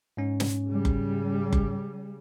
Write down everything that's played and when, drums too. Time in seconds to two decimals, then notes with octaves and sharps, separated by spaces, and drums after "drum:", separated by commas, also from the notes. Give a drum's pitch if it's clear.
0.17 G#2 C#4
0.40 drum: snare
0.67 C#3 G3
0.85 drum: kick F#1
1.53 drum: kick F#1